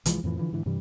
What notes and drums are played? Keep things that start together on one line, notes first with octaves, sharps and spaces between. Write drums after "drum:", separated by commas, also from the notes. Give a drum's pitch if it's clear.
C2 E3 F3 G#3, drum: hi-hat
F2 A2 E3 F3
D3 E3 F3
G#2 D3 E3
G2 C3 E3 G3